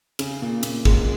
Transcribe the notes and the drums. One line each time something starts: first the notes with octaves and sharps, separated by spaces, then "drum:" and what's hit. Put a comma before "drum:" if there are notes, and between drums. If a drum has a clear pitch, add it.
C#3, drum: cymbal
A#2
A#2, drum: cymbal
G#3, drum: kick